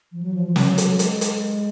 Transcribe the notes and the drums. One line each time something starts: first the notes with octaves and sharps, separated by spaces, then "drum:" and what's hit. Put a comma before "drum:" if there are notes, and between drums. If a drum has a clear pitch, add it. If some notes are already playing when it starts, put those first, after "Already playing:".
F3
F#3
F3
F3
F#3, drum: snare
drum: hi-hat
F#3
G#3, drum: hi-hat
drum: hi-hat